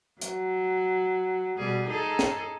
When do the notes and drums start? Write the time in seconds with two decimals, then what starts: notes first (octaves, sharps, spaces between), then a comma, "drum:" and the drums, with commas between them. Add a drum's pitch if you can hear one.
0.21 F#3, drum: hi-hat
1.58 B2 G3 G#4
1.88 D#4 G#4 A4
2.19 drum: snare